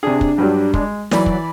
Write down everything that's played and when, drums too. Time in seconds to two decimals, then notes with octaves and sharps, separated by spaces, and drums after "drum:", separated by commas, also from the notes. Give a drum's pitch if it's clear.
0.03 C3 D4 G#4
0.21 drum: kick
0.38 G2 F#3 G3
0.74 G#3, drum: kick
1.11 E3 F#3 D5 B5, drum: snare
1.26 drum: kick